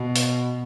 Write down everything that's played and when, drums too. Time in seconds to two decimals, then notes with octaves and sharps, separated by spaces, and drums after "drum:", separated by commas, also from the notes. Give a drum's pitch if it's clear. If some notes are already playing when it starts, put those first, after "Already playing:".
Already playing: B2
0.16 drum: open hi-hat